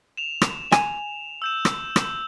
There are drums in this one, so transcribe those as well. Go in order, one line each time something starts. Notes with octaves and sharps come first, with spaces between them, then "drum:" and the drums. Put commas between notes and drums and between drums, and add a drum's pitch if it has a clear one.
E7 F7
drum: rim click
G#5, drum: rim click
E6 G6 E7
drum: rim click
drum: rim click